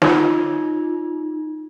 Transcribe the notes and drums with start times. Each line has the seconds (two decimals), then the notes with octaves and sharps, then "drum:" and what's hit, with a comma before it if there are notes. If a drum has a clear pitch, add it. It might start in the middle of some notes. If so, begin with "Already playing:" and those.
0.02 D#4 F4, drum: snare